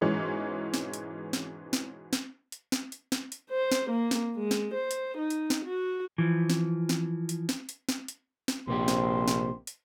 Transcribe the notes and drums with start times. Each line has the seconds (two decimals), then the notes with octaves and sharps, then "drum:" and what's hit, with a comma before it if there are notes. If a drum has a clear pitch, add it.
0.01 G#2 B2 E3 G#3 C#4
0.74 drum: snare
0.93 drum: hi-hat
1.33 drum: snare
1.73 drum: snare
2.13 drum: snare
2.52 drum: hi-hat
2.72 drum: snare
2.92 drum: hi-hat
3.12 drum: snare
3.32 drum: hi-hat
3.50 C5
3.72 drum: snare
3.90 A#3
4.11 drum: snare
4.36 G#3
4.51 drum: snare
4.74 C5
4.91 drum: hi-hat
5.18 D#4
5.30 drum: hi-hat
5.50 drum: snare
5.64 F#4
6.18 E3 F3
6.50 drum: snare
6.89 drum: snare
7.29 drum: hi-hat
7.49 drum: snare
7.69 drum: hi-hat
7.89 drum: snare
8.08 drum: hi-hat
8.48 drum: snare
8.68 A#1 C3 A#3 G4 C5
8.88 drum: snare
9.28 drum: snare
9.67 drum: hi-hat